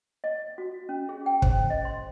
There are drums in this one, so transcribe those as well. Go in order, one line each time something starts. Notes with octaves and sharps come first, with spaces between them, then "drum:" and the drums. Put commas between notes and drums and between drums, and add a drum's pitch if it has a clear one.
D#5
F#4
C#4
G#4
G5
C5, drum: kick
D#5
C6